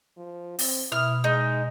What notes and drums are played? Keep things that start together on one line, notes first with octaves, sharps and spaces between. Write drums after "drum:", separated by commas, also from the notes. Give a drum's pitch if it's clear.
F3
C4, drum: open hi-hat
B2 E4 D#6 F6
G#3 D#4